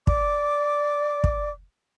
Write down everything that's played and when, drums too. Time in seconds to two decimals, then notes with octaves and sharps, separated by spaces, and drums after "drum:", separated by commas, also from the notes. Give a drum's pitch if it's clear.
0.07 D5 D6, drum: kick
1.24 drum: kick